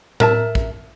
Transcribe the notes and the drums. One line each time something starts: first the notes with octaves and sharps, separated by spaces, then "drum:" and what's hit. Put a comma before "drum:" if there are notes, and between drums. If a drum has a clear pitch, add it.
A#4 E5 A5, drum: tom A2
drum: kick